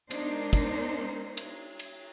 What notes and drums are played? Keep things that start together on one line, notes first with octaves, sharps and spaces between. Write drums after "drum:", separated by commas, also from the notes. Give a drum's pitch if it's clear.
G#3 B3 D4 D#4 A#4 C5, drum: cymbal
drum: kick, cymbal
drum: cymbal
drum: cymbal